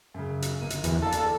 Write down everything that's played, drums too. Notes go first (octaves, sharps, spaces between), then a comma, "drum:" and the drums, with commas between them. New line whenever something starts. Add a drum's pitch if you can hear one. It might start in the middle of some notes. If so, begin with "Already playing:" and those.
F#2 C#3
drum: hi-hat
G1 A#3 D#7
drum: hi-hat
E2, drum: hi-hat
A4 D5 F5 A#5
drum: hi-hat